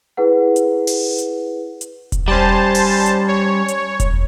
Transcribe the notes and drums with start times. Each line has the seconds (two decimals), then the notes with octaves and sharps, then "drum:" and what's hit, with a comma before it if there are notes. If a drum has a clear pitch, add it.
0.17 E4 G#4 B4 F#5
0.56 drum: hi-hat
0.87 drum: open hi-hat
1.18 drum: hi-hat
1.81 drum: hi-hat
2.12 drum: kick E1, hi-hat
2.28 G3 C#4 C5 A5
2.75 drum: open hi-hat
3.06 drum: hi-hat
3.28 C#5
3.68 drum: hi-hat
4.00 drum: kick E1, hi-hat